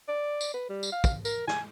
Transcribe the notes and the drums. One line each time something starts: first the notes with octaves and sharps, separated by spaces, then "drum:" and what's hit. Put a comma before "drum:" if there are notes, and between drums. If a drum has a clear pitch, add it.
D5
drum: tambourine
B4
G3
drum: tambourine
F5
drum: kick, tambourine
A#4, drum: tambourine
G#5, drum: snare